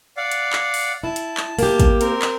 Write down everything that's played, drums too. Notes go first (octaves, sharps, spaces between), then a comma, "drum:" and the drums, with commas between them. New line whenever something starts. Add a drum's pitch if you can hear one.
D5 F5 F#5
drum: hi-hat
drum: clap
drum: open hi-hat
E4 A5
drum: hi-hat
drum: clap
A#3 G4, drum: open hi-hat
drum: kick, hi-hat
C4 A#4, drum: hi-hat
drum: clap